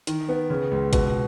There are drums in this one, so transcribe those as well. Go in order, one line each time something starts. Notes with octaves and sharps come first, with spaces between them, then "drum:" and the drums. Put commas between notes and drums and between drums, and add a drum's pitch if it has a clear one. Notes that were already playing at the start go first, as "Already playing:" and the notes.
D#3, drum: hi-hat
B3
C#3
C#2
B2, drum: kick, hi-hat